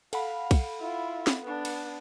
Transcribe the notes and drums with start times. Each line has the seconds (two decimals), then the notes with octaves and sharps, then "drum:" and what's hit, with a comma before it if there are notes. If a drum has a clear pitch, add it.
0.13 A4 F5 F#5 B5, drum: cymbal
0.51 drum: kick, cymbal
0.80 E4 F4
1.27 drum: snare C4
1.42 B3 D4
1.65 drum: cymbal